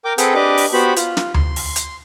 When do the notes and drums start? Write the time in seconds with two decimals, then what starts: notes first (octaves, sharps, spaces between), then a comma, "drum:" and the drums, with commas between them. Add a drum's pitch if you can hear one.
0.05 A#4 G5 D6
0.18 C4 G#4 A4 B4 F#5 G5, drum: hi-hat
0.34 D4 G4 B4 D#5 D6
0.58 drum: open hi-hat
0.73 B3 F#4 G4 C5 B5
0.97 F4, drum: hi-hat
1.17 drum: snare
1.34 C6, drum: tom D2
1.56 drum: open hi-hat
1.76 drum: hi-hat